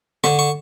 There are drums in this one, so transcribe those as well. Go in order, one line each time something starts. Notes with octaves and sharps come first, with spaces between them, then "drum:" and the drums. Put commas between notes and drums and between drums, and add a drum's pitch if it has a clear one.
D3 C#6, drum: rim click
C#6